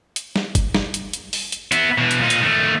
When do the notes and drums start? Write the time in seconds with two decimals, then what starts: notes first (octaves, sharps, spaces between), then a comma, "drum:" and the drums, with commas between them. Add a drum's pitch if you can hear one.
0.16 drum: hi-hat
0.36 drum: snare
0.55 drum: kick, hi-hat
0.75 drum: snare
0.94 drum: hi-hat
1.13 drum: hi-hat
1.33 drum: open hi-hat
1.52 drum: hi-hat
1.72 B3 E4, drum: hi-hat
1.98 B2 E3
2.11 drum: hi-hat
2.21 A#2 D#4
2.30 drum: hi-hat
2.43 D#3 A3